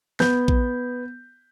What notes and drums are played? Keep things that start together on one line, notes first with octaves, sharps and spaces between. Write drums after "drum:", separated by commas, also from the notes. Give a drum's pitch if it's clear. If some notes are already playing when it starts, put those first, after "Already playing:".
B3 G6, drum: snare
drum: kick A#1